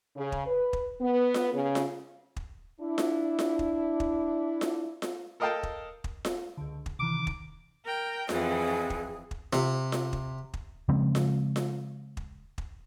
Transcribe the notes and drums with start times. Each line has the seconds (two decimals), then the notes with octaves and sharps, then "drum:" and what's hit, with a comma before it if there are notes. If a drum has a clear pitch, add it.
0.16 C#3
0.32 drum: kick
0.46 B4
0.73 drum: kick
1.00 B3
1.34 drum: snare F4
1.53 C#3
1.75 drum: snare F4
2.36 drum: kick
2.81 D4 E4
2.98 drum: snare F4
3.39 drum: snare F4
3.59 drum: kick
4.00 drum: kick
4.61 drum: snare F4
5.02 drum: snare F4
5.40 A4 A#4 D#5 F5 G5 A5
5.63 drum: kick
6.04 drum: kick
6.25 drum: snare F4
6.57 C#2 D3
6.86 drum: kick
6.99 C3 D#3 E3 D6
7.27 drum: kick
7.83 A#4 G5
8.29 F2 E3 G#4, drum: snare F4
8.90 drum: kick
9.31 drum: kick
9.53 C3, drum: snare F4
9.92 drum: snare F4
10.13 drum: kick
10.54 drum: kick
10.89 C#3 F3 G#3 C4
11.15 drum: snare F4
11.56 drum: snare F4
12.17 drum: kick
12.58 drum: kick